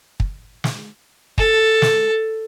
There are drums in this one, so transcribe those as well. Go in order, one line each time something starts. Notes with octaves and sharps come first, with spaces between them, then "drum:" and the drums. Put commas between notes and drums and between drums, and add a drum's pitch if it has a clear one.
drum: kick
drum: snare
A4, drum: kick
drum: snare